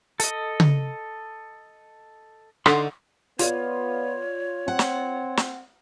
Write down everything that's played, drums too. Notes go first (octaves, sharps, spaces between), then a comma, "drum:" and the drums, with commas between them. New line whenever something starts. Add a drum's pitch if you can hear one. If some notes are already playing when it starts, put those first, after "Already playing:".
A4 D#5, drum: hi-hat
drum: tom C#3
D3 D#4 C6, drum: rim click
B3 F4 C#5 D5, drum: hi-hat
C4 F#5
drum: snare
drum: snare